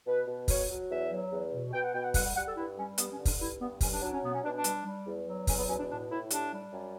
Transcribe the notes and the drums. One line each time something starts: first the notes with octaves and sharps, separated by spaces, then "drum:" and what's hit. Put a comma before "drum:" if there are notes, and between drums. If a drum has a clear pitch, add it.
B2 B4
B2
F#3 C#5, drum: kick, open hi-hat
F#3
E2 E5
F#3
E2
B2
B2 G5
F#5
B2 G5
F#5
G3 F#5, drum: kick, open hi-hat
F#5
G3 F#5
A4
G2 E4
G3 C#4
G2 B3, drum: hi-hat
C#4
D3
D4, drum: kick, open hi-hat
G2 E4
G2 B3
F#3 C#4, drum: kick, open hi-hat
D4
F#3 D4
C#4
B2 B3
C#4
B2 D4
D4
G3, drum: hi-hat
G3
E2
F#3
E2 C#4, drum: kick, open hi-hat
B3
B2 C#4
D4
A2 D4
A2 E4
G3 D4, drum: hi-hat
G3
F#2